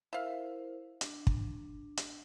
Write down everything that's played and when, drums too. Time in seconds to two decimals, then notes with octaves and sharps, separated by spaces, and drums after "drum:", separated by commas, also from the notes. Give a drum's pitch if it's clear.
0.13 E4 A#4 C5 E5 F5
1.01 D4, drum: hi-hat
1.27 drum: kick
1.97 drum: hi-hat